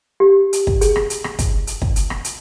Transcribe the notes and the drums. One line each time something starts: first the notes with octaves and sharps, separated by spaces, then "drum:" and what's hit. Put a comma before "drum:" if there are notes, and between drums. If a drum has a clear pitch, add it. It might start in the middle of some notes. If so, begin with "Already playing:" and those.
G4
drum: hi-hat
drum: kick
G#4, drum: hi-hat
drum: rim click
drum: hi-hat
drum: rim click
drum: kick, hi-hat
drum: hi-hat
drum: kick
drum: hi-hat
drum: rim click
drum: hi-hat